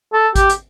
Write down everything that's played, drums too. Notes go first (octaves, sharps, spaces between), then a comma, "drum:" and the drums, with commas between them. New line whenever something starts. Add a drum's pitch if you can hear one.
A4
G4, drum: kick G#1, hi-hat
drum: hi-hat